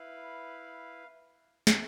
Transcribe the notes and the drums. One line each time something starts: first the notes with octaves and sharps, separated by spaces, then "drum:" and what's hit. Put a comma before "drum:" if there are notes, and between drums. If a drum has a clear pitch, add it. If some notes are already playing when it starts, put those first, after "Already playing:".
Already playing: E4 B4 F5
drum: snare